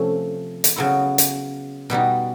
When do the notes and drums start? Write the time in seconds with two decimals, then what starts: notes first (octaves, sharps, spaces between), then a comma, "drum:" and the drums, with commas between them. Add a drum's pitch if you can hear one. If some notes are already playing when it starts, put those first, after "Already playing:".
Already playing: C3 F3 A3 C#4
0.64 drum: hi-hat
0.76 C#3 F#3 B3 E4
1.18 drum: hi-hat
1.90 B2 G3 B3 D#4